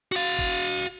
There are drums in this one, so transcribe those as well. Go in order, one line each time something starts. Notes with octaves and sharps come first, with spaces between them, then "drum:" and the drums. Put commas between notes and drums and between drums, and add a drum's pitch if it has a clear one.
F#4 F5
drum: kick